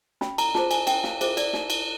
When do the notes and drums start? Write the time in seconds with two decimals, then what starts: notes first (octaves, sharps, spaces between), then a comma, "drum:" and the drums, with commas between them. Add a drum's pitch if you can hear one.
0.21 C#4 B5, drum: snare
0.38 A#5, drum: cymbal
0.54 F4 G#4 C5 A5, drum: snare
0.71 G#5, drum: cymbal
0.87 C#4 G5, drum: cymbal
1.04 F5, drum: snare
1.21 F4 G#4 C5 E5, drum: cymbal
1.37 D5, drum: cymbal
1.53 D#4, drum: snare
1.70 drum: cymbal